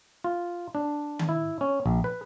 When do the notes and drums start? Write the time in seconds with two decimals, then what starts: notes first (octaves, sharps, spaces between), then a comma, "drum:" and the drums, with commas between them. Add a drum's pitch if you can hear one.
0.24 F4
0.75 D4
1.19 drum: tom D#3
1.29 E4
1.61 C#4
1.86 A#1
2.04 B4